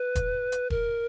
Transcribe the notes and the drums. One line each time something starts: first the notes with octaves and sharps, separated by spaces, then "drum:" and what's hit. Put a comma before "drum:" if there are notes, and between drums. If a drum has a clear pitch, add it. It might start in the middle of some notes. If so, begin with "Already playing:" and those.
Already playing: B4
drum: kick E1, hi-hat
drum: hi-hat
A#4, drum: kick E1